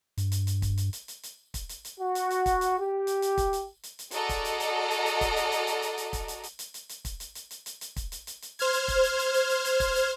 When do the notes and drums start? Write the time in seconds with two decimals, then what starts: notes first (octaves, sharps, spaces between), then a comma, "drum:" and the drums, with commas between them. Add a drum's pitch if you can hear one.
0.17 G2, drum: hi-hat
0.32 drum: hi-hat
0.47 drum: hi-hat
0.62 drum: kick, hi-hat
0.77 drum: hi-hat
0.93 drum: hi-hat
1.08 drum: hi-hat
1.23 drum: hi-hat
1.54 drum: kick, hi-hat
1.69 drum: hi-hat
1.85 drum: hi-hat
2.00 F#4
2.15 drum: hi-hat
2.30 drum: hi-hat
2.46 drum: kick, hi-hat
2.61 drum: hi-hat
2.80 G4
3.07 drum: hi-hat
3.22 drum: hi-hat
3.38 drum: kick, hi-hat
3.53 drum: hi-hat
3.83 drum: hi-hat
3.99 drum: hi-hat
4.11 F#4 G#4 A4 D5 D#5 A#5, drum: hi-hat
4.29 drum: kick, hi-hat
4.45 drum: hi-hat
4.60 drum: hi-hat
4.91 drum: hi-hat
5.06 drum: hi-hat
5.21 drum: kick, hi-hat
5.36 drum: hi-hat
5.52 drum: hi-hat
5.67 drum: hi-hat
5.82 drum: hi-hat
5.98 drum: hi-hat
6.13 drum: kick, hi-hat
6.28 drum: hi-hat
6.43 drum: hi-hat
6.59 drum: hi-hat
6.74 drum: hi-hat
6.89 drum: hi-hat
7.05 drum: kick, hi-hat
7.20 drum: hi-hat
7.35 drum: hi-hat
7.51 drum: hi-hat
7.66 drum: hi-hat
7.81 drum: hi-hat
7.96 drum: kick, hi-hat
8.12 drum: hi-hat
8.27 drum: hi-hat
8.42 drum: hi-hat
8.59 C5 F6 G#6, drum: hi-hat
8.73 drum: hi-hat
8.88 drum: kick, hi-hat
9.04 drum: hi-hat
9.19 drum: hi-hat
9.34 drum: hi-hat
9.49 drum: hi-hat
9.65 drum: hi-hat
9.80 drum: kick, hi-hat
9.95 drum: hi-hat